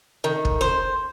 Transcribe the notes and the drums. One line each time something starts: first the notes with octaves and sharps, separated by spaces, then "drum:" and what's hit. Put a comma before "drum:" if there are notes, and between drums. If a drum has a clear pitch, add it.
D#3
drum: kick
C5